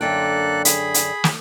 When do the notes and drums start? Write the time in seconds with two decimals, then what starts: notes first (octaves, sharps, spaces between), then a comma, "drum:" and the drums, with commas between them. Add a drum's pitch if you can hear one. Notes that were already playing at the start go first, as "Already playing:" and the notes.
0.01 F#2 D3 A#3 A4 G5 F#6
0.65 G#4 B5, drum: hi-hat
0.94 drum: hi-hat
1.24 drum: snare